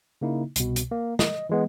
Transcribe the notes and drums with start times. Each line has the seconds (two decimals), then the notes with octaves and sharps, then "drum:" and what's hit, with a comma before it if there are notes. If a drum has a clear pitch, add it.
0.21 C#3 A#3 D#4 E4
0.56 C2 B2, drum: hi-hat
0.76 drum: hi-hat
0.91 A#3
1.19 D#5, drum: snare
1.49 E3 G#3 B3